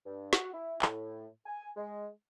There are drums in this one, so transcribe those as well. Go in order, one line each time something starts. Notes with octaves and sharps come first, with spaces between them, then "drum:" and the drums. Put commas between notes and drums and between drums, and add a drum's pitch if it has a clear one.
G2
F#4, drum: snare
E4
A2, drum: clap
G#5
G#3